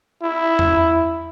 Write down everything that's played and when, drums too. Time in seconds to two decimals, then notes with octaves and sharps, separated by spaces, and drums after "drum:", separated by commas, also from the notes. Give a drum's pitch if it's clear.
0.22 E4
0.59 drum: tom E2